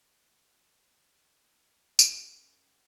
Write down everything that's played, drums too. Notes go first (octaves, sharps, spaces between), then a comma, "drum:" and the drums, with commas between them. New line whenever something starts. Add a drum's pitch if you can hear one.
F#2 G4 F#5, drum: tambourine